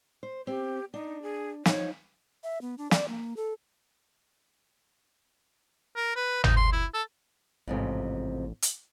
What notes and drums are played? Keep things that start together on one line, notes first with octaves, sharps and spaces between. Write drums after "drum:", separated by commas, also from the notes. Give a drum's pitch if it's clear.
C5
C4 G4
D4 D#4
G#4
F3 D#4 C#5, drum: snare
E5
B3
D4
D5, drum: snare
A#3
A4
A#4
B4
D#4, drum: tom
C6
E4
A4
A1 F2 G#2 C3
drum: hi-hat